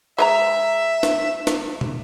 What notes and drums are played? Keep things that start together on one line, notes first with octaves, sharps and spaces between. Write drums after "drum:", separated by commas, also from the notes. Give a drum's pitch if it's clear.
G#3 B4 E5 A#5
drum: snare
drum: snare
drum: tom